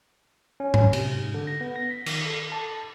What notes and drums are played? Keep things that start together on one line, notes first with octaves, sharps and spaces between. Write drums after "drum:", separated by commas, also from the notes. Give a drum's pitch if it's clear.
C#4
C#4, drum: tom G#2
C3, drum: cymbal
G#2
D3
A#6
B3
A#6
B6
D#3, drum: cymbal
A4
A5